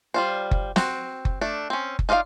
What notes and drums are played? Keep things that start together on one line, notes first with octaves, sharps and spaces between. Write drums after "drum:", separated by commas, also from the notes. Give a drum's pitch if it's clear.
G3 F4 C5
drum: kick F#1
C4 F#4, drum: snare
drum: kick F#1
A3 D4
C4 C#4
drum: kick F#1
D#4 F4 D5 D#5 F5